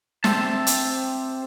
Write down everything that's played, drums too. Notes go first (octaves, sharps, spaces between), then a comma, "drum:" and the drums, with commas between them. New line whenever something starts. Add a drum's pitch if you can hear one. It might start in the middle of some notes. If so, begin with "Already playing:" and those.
C4 G4 C5 E5 A5, drum: snare
drum: hi-hat